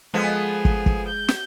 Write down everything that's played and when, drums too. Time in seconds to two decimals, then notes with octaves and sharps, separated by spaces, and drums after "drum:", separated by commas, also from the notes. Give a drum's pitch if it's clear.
0.14 F3 G#3 B3 G#4 A4
0.65 drum: kick
0.86 drum: kick
1.07 G6
1.28 drum: snare